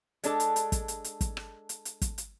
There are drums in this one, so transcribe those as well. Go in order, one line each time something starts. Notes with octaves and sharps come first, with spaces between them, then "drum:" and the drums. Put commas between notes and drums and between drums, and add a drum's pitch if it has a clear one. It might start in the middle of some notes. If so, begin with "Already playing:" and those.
G#3 D4 A4, drum: hi-hat
drum: hi-hat
drum: hi-hat
drum: kick, hi-hat
drum: hi-hat
drum: hi-hat
drum: kick, hi-hat
drum: rim click
drum: hi-hat
drum: hi-hat
drum: kick, hi-hat
drum: hi-hat